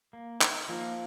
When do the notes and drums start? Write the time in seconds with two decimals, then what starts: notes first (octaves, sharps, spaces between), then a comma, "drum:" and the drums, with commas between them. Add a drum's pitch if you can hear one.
0.13 A#3
0.41 D#4 A#4, drum: clap
0.68 F3 A#3